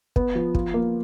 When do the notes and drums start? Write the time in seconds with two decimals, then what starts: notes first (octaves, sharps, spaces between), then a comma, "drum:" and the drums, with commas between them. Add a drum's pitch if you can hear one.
0.16 B3, drum: kick
0.35 F3
0.55 F4, drum: kick
0.74 A#3